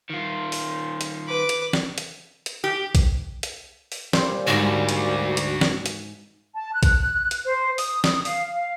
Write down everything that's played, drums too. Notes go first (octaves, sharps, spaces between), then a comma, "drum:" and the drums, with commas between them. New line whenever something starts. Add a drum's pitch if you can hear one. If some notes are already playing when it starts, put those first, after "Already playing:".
D#3 F4
drum: open hi-hat
drum: hi-hat
B4 D6
drum: hi-hat
drum: snare
drum: hi-hat
drum: hi-hat
G4
drum: kick A#1, hi-hat
drum: hi-hat
drum: open hi-hat
A#2 G3 C5, drum: snare
D2 G#2 D3 F#4
drum: hi-hat
drum: hi-hat
drum: snare
drum: hi-hat
A5
F#6
drum: kick A#1, hi-hat
drum: hi-hat
C5
D#6, drum: open hi-hat
drum: snare
F5, drum: open hi-hat
F5